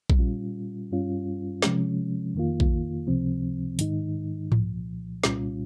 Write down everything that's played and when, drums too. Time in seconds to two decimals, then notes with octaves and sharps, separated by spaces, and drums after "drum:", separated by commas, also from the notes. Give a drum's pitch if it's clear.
0.10 drum: kick A#1
0.19 A#2 G3 C#4 F4
0.91 G2 G3 C#4 F4
1.62 C3 F3 G#3 C#4, drum: snare
2.35 F2 D#3 A#3 F4
2.60 drum: kick A#1
3.07 C#2 C3 F3 C4
3.79 G#2 D#3 G#3 D#4, drum: hi-hat
4.52 C2 A#2 F3, drum: tom G#2
5.24 C2 A#2 G3 C#4 F4, drum: snare